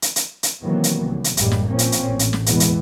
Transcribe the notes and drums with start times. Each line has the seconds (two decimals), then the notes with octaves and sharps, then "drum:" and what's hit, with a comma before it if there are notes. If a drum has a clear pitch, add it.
0.02 drum: hi-hat
0.16 drum: hi-hat
0.43 drum: hi-hat
0.62 C3 D#3 E3 F#3 A#3 B3
0.84 drum: hi-hat
1.05 C2
1.24 drum: hi-hat
1.37 A1 F#2 A2 G3 G#3 A#3, drum: hi-hat
1.51 drum: snare
1.69 A#2 F3 A#3 C4 C#4
1.79 drum: hi-hat
1.92 drum: hi-hat
2.08 A1
2.19 drum: hi-hat
2.33 drum: snare
2.46 E2 B2 E3 G#3 B3, drum: hi-hat
2.60 drum: hi-hat